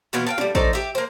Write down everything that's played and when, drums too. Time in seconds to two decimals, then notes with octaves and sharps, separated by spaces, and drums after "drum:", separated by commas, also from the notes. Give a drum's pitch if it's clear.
0.13 B2 E3 B3 F4
0.27 F5 G5 A5
0.38 D3 G3, drum: snare
0.55 A3 D#4 C5 D5, drum: kick A1
0.73 G4 E5
0.95 A#3 C5